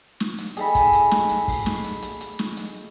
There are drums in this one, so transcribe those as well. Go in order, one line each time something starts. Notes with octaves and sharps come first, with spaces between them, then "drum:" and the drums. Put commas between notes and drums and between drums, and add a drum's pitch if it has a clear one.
drum: snare
drum: hi-hat
G#4 A4 D#5 B5, drum: hi-hat
drum: kick, hi-hat
drum: hi-hat
drum: snare
drum: hi-hat
drum: kick, open hi-hat
drum: snare
drum: hi-hat
drum: hi-hat
drum: hi-hat
drum: snare
drum: hi-hat